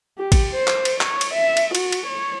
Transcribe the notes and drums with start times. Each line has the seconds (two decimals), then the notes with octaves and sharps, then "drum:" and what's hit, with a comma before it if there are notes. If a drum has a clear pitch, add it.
0.18 G4
0.32 drum: kick, cymbal
0.53 C5
0.67 drum: clap
0.85 drum: cymbal
1.01 C#5, drum: clap
1.21 drum: cymbal
1.34 E5
1.57 drum: cymbal
1.75 F#4, drum: cymbal
1.92 drum: cymbal
2.07 C#5